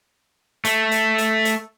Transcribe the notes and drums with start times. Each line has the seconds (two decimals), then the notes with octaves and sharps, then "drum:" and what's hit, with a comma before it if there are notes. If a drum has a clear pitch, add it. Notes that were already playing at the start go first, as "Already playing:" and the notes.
0.65 A3, drum: hi-hat
0.91 drum: hi-hat
1.18 drum: hi-hat
1.45 drum: hi-hat